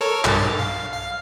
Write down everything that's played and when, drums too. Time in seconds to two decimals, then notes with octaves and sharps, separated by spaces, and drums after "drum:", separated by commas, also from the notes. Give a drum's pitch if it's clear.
0.01 A4 A#4 C#5
0.25 B1 G2 A6, drum: clap
0.59 F5
0.93 F5